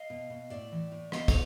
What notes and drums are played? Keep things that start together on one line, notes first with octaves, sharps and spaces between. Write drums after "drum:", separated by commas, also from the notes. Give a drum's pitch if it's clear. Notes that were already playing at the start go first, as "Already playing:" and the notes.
Already playing: D#5 F5
B2
B2
A2 D5 E5
E3
A2
B3 D#5 F5, drum: rim click
drum: kick, cymbal